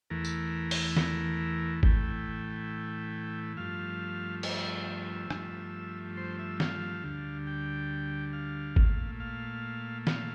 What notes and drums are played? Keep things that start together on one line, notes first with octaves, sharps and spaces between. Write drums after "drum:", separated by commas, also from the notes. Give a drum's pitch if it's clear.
E2 E3 A3 A#4
drum: tambourine
drum: open hi-hat
A#4, drum: snare
A2 E3 A3 G5, drum: kick
G2 F3 A3 F5
E5, drum: cymbal
G2 F3 A3, drum: rim click
C5
E5
F5, drum: snare
D2 D3 G3
G5
F5
A#2 A3, drum: kick
F5
F5, drum: snare